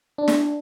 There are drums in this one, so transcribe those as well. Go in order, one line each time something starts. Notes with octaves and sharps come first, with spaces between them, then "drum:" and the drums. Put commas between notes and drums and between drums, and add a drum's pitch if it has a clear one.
D4
drum: snare